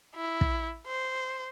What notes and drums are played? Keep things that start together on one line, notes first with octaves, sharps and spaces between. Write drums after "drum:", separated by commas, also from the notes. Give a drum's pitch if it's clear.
E4
drum: kick
C5